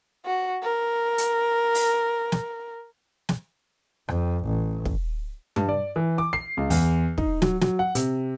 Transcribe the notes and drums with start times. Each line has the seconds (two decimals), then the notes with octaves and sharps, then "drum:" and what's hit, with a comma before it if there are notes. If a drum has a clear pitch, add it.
0.26 F#4
0.63 A#4
1.18 drum: hi-hat
1.75 drum: open hi-hat
2.32 drum: snare
3.29 drum: snare
4.08 F2, drum: rim click
4.45 A1
4.85 drum: kick
5.56 G2, drum: tom
5.69 D5
5.96 E3
6.18 D6
6.33 C7
6.57 C#2
6.70 E2, drum: open hi-hat
7.18 D#4, drum: kick
7.42 F#3, drum: snare
7.61 F#3, drum: snare
7.79 F#5
7.95 C3, drum: hi-hat